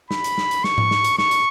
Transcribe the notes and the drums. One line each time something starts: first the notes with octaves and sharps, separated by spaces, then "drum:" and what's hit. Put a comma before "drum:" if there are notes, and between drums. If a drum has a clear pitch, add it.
B5, drum: snare
drum: hi-hat
drum: snare
drum: hi-hat
C#6, drum: snare
drum: tom G#2
drum: snare
drum: hi-hat
C#6, drum: snare
drum: hi-hat